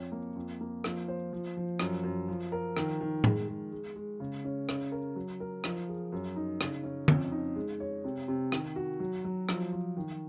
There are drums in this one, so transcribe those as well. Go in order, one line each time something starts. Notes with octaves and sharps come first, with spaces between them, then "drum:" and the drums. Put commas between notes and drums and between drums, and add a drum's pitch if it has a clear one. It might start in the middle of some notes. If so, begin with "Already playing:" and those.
Already playing: F2 C#5
A#3
F2
A#3
F3, drum: rim click
C5
F3
F3
F#2, drum: rim click
F#2
F3
A#4
D#3, drum: rim click
D#3
G#3, drum: tom
G#3
G#3
G#3
C#3
C#4
C#3, drum: rim click
A#4
F#3
A#4
F3, drum: rim click
G#4
F#2
D#4
C#3, drum: rim click
C#4
F2, drum: tom
D#4
G#3
C#5
C3
C3
D#3, drum: rim click
F#4
F#3
F#3
F3, drum: rim click
F3
D#3